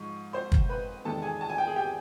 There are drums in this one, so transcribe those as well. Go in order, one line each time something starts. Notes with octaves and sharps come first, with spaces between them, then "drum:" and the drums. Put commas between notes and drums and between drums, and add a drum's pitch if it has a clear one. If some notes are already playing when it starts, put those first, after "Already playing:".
Already playing: G#2 F3 C#6
C5 C6
drum: kick
B4 B5
E2 C3 D#3 G#3 A4 A5
G#4 G#5
A5
G#5
G5
G#4 G#5
G4 G5